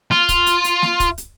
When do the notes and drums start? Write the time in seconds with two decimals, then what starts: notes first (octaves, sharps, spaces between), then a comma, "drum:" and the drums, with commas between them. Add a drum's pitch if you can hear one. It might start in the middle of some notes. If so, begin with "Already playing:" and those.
0.11 F4, drum: snare
0.29 drum: kick, hi-hat
0.46 drum: hi-hat
0.64 drum: hi-hat
0.82 drum: snare
1.00 drum: kick, hi-hat
1.18 drum: hi-hat